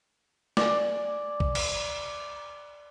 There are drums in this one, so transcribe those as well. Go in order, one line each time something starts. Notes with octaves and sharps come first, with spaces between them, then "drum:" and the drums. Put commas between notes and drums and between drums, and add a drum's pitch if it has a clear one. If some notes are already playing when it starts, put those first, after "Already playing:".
D5 G#5, drum: snare
drum: kick B1
drum: cymbal